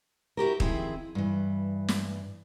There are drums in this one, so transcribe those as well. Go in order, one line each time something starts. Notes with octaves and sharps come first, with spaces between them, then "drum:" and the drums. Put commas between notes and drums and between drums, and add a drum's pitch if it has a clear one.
E4 F#4 G4 A#4
D#3 F3 C4 E4 G#4, drum: kick
G2 E3
drum: snare